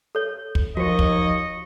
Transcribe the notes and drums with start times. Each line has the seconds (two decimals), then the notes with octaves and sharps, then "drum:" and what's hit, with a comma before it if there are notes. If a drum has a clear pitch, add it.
0.15 A4 C#5
0.55 drum: kick
0.77 D#2 F3 F#4 D#5 C#6
0.99 drum: kick